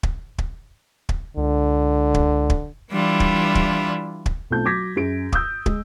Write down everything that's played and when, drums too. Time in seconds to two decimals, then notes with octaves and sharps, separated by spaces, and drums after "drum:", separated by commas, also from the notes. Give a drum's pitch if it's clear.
0.03 drum: kick
0.38 drum: kick
1.09 drum: kick
1.37 C#2 D3
2.14 drum: kick
2.50 drum: kick
2.91 E3 G3 D4 E4 F4
3.20 drum: kick
3.55 drum: kick
4.26 drum: kick
4.50 B1 A3 C4 F4 A5 G6
4.65 F#3 D6 G#6 A#6 B6
4.96 F#2 G#4 D7
5.32 D#6 E6 G6, drum: kick
5.66 G#3, drum: kick